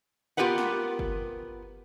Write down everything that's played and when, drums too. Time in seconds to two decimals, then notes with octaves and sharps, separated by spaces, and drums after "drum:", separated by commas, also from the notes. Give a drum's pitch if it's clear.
0.37 B3 F4 G4 A#4 B4 F#5
0.58 drum: snare
0.99 drum: kick G1